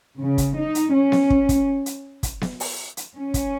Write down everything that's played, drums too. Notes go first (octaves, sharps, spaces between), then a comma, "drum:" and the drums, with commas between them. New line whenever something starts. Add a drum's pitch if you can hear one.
C#3
drum: kick, hi-hat
D#4
drum: hi-hat
C#4
drum: snare B3
drum: kick
drum: kick, hi-hat
drum: hi-hat
drum: kick, hi-hat
drum: snare B3
drum: open hi-hat
drum: hi-hat
C#4
drum: kick, hi-hat